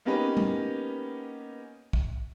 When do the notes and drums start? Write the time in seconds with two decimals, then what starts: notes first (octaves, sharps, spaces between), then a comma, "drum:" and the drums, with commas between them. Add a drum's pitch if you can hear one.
0.05 A#3 B3 C#4 D#4 G4 B4
0.37 drum: tom G#3
1.93 drum: kick